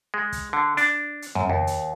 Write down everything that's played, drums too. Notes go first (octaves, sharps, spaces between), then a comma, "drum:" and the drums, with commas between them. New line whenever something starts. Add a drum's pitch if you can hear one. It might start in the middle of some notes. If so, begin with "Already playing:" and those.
G#3
drum: kick, hi-hat
D3
D4, drum: hi-hat
drum: hi-hat
F#2, drum: tom F2
D#2
drum: hi-hat